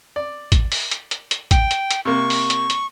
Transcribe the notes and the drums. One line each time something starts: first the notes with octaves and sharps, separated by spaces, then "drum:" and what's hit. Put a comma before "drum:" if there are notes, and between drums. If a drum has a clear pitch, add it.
D5
drum: kick A1, hi-hat
drum: open hi-hat
drum: hi-hat
drum: hi-hat
drum: hi-hat
G5, drum: kick A1, hi-hat
drum: hi-hat
drum: hi-hat
C3 A#3 C#6
drum: open hi-hat
drum: hi-hat
drum: hi-hat